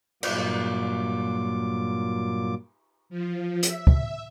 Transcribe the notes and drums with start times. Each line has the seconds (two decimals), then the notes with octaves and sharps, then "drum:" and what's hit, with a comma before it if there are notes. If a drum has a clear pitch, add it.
0.23 G2 A#2 F#3 A#3 F4 D6, drum: cymbal
3.10 F3
3.63 E5, drum: hi-hat
3.87 drum: kick